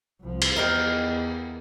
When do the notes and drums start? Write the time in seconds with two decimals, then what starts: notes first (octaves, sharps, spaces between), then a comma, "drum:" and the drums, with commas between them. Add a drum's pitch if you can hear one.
0.21 C2 F3
0.42 drum: cymbal
0.56 E2 A#4 D#5 G5